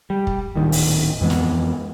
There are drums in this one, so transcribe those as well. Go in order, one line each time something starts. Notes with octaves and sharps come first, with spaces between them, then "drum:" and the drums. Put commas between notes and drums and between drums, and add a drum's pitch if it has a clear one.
G3
drum: kick
D1 A#2 D#3
drum: open hi-hat
F2 E3 G#3 B3
drum: snare